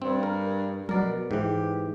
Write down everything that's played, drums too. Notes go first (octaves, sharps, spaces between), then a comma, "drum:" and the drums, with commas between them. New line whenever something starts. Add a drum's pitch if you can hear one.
G2 C4
A#4
B2 A#4 D5, drum: tom F3
G#2 E3 G4